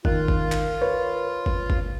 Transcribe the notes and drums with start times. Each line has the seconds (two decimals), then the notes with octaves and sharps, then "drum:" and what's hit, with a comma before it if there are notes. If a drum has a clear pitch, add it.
0.05 D#3 D#4 F4 A#4 F#6, drum: kick G1
0.28 drum: kick G1
0.52 drum: clap
0.81 B4 C#5
1.46 drum: kick G1
1.70 drum: kick G1